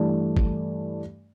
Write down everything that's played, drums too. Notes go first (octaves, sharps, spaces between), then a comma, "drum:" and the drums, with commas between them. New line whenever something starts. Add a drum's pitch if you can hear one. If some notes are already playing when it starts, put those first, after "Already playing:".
Already playing: G2 E3 A3 D4
drum: kick